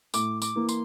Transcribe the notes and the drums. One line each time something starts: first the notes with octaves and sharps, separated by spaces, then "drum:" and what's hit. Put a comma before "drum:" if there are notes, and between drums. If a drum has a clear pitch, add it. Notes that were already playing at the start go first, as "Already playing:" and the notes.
A2 D6, drum: tambourine
D6, drum: tambourine
E3 A#3
C6, drum: tambourine